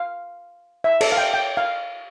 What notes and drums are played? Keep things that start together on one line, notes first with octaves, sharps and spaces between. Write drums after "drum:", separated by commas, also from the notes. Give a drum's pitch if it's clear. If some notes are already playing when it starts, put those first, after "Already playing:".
Already playing: F5
E5
A4, drum: cymbal
F5
G5
G5
F5